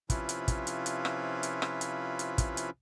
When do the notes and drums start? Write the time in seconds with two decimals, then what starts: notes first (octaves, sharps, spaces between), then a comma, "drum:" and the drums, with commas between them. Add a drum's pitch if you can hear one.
0.10 C3 F3 C#4 E4 F4 B4, drum: kick, hi-hat
0.29 drum: hi-hat
0.48 drum: kick, hi-hat
0.67 drum: hi-hat
0.86 drum: hi-hat
1.05 drum: rim click
1.43 drum: hi-hat
1.62 drum: rim click
1.81 drum: hi-hat
2.19 drum: hi-hat
2.38 drum: kick, hi-hat
2.57 drum: hi-hat